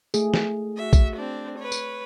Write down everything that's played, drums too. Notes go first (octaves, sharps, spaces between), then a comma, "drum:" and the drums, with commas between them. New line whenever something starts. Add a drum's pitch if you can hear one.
A3 G#4, drum: tambourine
drum: snare
F#4 E5
drum: kick, tambourine
C4 D4
B4 C#5
drum: tambourine